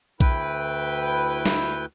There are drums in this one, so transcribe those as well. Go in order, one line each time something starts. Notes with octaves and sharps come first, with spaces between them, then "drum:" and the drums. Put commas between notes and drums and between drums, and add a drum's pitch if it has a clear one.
D2 E4 B4 G5, drum: kick A#1
drum: snare